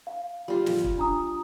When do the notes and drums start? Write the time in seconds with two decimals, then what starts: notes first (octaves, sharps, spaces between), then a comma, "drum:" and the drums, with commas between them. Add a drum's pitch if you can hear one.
0.07 F5
0.48 G3 F4
0.66 drum: snare
0.84 drum: kick
0.98 D4 A#5 D#6